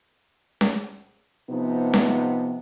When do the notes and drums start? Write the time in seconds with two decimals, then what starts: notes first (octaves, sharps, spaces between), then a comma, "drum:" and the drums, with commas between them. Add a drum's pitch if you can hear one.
0.61 drum: snare C#4
1.49 C3 F3 B3 D#4
1.94 drum: snare C#4